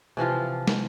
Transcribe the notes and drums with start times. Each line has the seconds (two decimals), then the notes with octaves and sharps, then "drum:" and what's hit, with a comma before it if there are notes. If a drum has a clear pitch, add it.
0.17 C3 E3 F3 F4
0.67 drum: snare